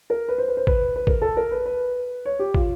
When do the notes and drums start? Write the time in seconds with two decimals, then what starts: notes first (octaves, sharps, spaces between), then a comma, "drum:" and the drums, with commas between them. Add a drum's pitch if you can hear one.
0.10 A#4
0.29 B4
0.38 C5
0.48 B4
0.57 C5
0.67 B4, drum: kick
0.96 B4
1.07 A#4, drum: kick
1.22 A4
1.37 A#4
1.51 B4
1.66 B4
2.25 C#5
2.39 G4
2.54 F4, drum: kick